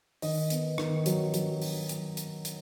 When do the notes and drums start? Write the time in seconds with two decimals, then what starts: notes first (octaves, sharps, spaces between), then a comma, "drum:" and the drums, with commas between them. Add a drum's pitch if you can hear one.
0.22 D#3 D#5, drum: open hi-hat
0.50 B3, drum: hi-hat
0.78 D#3, drum: rim click
1.06 F#3, drum: hi-hat
1.34 F#3, drum: hi-hat
1.61 drum: open hi-hat
1.89 drum: hi-hat
2.17 drum: hi-hat
2.45 drum: hi-hat